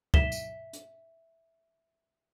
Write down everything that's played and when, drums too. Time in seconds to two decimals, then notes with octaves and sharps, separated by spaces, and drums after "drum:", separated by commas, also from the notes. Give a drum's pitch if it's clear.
0.14 E5 B6 E7 G7, drum: kick
0.32 drum: tambourine
0.73 drum: hi-hat